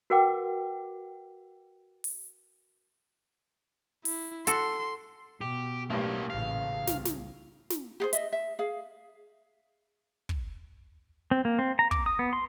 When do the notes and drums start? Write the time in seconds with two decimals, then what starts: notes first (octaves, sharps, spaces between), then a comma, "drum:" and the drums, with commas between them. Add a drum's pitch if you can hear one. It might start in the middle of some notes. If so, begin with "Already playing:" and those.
0.10 F#4 A#4 B4 F#5 G5 D6
2.04 drum: open hi-hat
4.05 E4, drum: open hi-hat
4.47 F#4 A4 C6, drum: hi-hat
5.41 B2 G4
5.90 B1 A2 G3 A#3 C#4
6.30 A1 A#2 C#3 F5
6.87 C2, drum: snare
7.05 drum: snare
7.70 drum: snare
8.00 G4 G#4 C5
8.13 D#5 E5, drum: hi-hat
8.32 E5
8.59 G#4 F5
10.29 drum: kick
11.31 C4
11.45 A#3
11.59 C4
11.79 A#5
11.91 D6, drum: kick
12.06 D#6
12.19 B3
12.33 C6